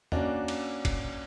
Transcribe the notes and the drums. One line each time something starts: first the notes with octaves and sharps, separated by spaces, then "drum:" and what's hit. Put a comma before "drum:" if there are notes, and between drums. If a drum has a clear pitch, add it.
A#3 C#4 D4 F#4, drum: tom E2
drum: cymbal
drum: kick, cymbal